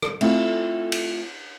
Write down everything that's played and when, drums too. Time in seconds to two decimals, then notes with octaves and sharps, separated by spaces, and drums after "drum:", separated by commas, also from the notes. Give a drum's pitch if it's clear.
0.02 drum: rim click
0.21 A3 C4 E4 F4 A4 C5, drum: cymbal
0.92 drum: cymbal